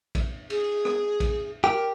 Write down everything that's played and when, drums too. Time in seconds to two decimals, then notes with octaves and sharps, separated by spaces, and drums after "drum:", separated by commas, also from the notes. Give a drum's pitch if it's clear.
0.15 drum: kick A#1, cymbal
0.50 G#4, drum: cymbal
0.85 drum: rim click
1.20 drum: kick A#1, cymbal
1.64 G4 A#4